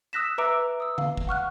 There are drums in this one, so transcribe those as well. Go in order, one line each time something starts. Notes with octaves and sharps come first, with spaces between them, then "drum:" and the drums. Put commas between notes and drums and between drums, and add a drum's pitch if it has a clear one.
D#6 E6 F#6 A#6 B6 E7
B4 E5 A#5 D6 E6 D7
D#6 E6
F5, drum: tom D3
drum: kick
F#5 C#6 F6 F#6